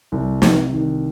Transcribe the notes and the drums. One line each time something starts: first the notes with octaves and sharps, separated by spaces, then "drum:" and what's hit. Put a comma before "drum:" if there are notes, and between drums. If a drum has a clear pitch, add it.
C2
C2, drum: snare
D#3